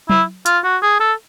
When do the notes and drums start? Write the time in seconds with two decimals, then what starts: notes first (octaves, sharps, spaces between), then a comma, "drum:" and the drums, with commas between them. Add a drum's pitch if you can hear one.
0.10 E4, drum: tom F#3
0.46 F4, drum: hi-hat
0.64 F#4
0.82 G#4
1.00 A4